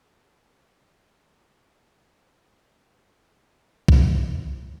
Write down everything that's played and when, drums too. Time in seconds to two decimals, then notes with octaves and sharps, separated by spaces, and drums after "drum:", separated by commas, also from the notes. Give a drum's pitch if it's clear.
0.13 D#4 G#4
0.63 G#2 C#4 F#4
1.36 G#3 A#3 F#4
2.31 E2 C#4 D#5 D#7
3.88 drum: kick